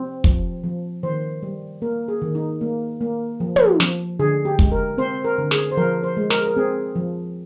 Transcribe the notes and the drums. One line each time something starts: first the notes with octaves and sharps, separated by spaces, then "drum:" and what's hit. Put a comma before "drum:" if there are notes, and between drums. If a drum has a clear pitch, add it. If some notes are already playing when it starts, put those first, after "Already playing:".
Already playing: C4
F3, drum: kick
F3
D#3 C5
G3
A#3 A#4
G#4
D#3
D#4
A#3
A#3
F3
drum: tom
F3, drum: snare
D3 G#4
G4
G#3, drum: kick
A#4
C4 C5
A#4
D3
G#4, drum: snare
C5
F3 A#4
C5
G#3
A#4, drum: snare
G#4
A#4
C4 G#4
F3